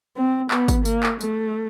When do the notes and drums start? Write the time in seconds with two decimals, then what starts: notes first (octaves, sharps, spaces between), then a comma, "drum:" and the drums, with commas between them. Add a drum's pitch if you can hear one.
0.17 C4
0.51 B3, drum: clap
0.68 drum: kick, tambourine
0.85 A#3, drum: tambourine
1.03 drum: clap
1.21 A3, drum: tambourine